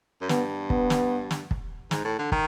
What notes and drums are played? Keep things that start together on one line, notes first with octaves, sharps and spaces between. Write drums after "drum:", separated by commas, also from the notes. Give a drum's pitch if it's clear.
F#2
G2 B3, drum: snare
B3, drum: kick
drum: snare
drum: snare
drum: kick
G#2, drum: snare
A2
D3
D#3, drum: kick